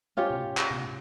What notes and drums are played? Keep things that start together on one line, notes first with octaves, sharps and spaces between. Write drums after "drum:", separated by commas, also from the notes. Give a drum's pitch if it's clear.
C#4 F4 G4 C#5
drum: tom C3
drum: clap
drum: tom C3